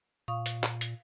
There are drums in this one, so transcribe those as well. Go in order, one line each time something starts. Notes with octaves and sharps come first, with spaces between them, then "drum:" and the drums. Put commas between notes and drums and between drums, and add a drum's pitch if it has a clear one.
A#2 F5 C#6 D#6
drum: hi-hat
drum: clap
drum: hi-hat